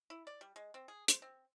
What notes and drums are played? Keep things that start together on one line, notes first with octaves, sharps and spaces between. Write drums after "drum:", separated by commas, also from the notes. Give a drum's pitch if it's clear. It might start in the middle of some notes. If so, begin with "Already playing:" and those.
E4
D5
G3
G#3
C4
G#4
C5, drum: hi-hat
C4